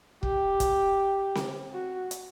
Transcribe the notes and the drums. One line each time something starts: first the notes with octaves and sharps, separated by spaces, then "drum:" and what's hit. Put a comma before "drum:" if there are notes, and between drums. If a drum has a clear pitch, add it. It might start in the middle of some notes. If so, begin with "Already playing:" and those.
G4, drum: kick
drum: kick, hi-hat
drum: snare C4
F#4
drum: hi-hat